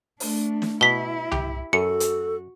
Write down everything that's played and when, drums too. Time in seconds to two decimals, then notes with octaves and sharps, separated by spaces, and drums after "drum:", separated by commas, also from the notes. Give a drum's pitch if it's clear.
0.20 A3 D4, drum: open hi-hat
0.62 drum: snare
0.81 B2 E4 E5 B6 G7
1.32 G4, drum: tom C2
1.73 F#2 F#4 A4 C#7
2.00 drum: hi-hat